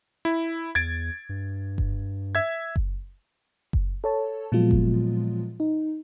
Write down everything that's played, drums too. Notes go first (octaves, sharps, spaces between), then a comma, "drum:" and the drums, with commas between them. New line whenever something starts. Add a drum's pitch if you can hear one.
E4
E2 G#6 A6 D7
G2
drum: kick F#1
E5 G#6
drum: kick F#1
drum: kick F#1
A4 C#5 A5
A#2 F3 F#3 G#3 B3 F4
drum: kick F#1
D#4